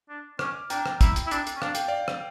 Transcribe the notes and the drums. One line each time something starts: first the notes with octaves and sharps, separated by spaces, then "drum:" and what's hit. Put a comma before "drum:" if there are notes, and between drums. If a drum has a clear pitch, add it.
D4
C#4 D6 F6, drum: rim click
D4 G5 A#5, drum: hi-hat
drum: rim click
E4, drum: kick, hi-hat
drum: hi-hat
E4
D4, drum: hi-hat
drum: hi-hat
C#4
D4 F5, drum: rim click
G5, drum: hi-hat
D5 F5
drum: rim click